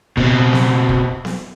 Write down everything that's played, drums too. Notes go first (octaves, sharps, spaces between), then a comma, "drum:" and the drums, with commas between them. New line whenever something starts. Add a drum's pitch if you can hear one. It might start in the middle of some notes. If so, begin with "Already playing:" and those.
B2 C4, drum: kick
drum: snare B3
drum: kick
drum: snare B3